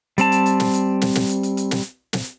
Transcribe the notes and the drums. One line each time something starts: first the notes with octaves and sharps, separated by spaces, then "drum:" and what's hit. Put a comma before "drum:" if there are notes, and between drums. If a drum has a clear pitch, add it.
G3 C4 A5, drum: hi-hat
drum: hi-hat
drum: hi-hat
drum: snare
drum: hi-hat
drum: snare
drum: snare
drum: hi-hat
drum: hi-hat
drum: hi-hat
drum: snare
drum: snare